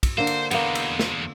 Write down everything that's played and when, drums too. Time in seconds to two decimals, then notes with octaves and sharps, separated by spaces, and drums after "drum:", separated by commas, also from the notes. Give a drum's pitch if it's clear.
0.03 drum: kick, cymbal
0.18 D3 A#3 C5
0.27 drum: cymbal
0.51 E2 G#3 A#3 B3, drum: cymbal
0.75 drum: cymbal
0.99 drum: snare